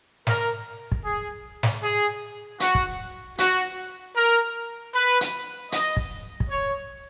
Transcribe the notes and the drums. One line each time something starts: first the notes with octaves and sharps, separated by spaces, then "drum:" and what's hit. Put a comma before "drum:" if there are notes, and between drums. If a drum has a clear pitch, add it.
A#4, drum: snare
drum: kick
G#4
drum: snare
G#4
F#4, drum: hi-hat
drum: kick
F#4, drum: hi-hat
A#4
B4
drum: hi-hat
D#5, drum: hi-hat
drum: kick
drum: kick
C#5